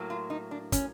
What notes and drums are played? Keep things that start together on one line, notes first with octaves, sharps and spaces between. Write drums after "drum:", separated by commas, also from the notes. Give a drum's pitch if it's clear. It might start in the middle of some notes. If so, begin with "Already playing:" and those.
Already playing: A2 F#3 A#3
F4
D#4
D4
C#4, drum: kick, hi-hat